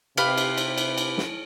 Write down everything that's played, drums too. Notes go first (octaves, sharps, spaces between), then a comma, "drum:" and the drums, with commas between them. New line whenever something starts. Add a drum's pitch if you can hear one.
C3 G4 B4 F5 B5, drum: cymbal
drum: cymbal
drum: cymbal
drum: cymbal
drum: cymbal
drum: snare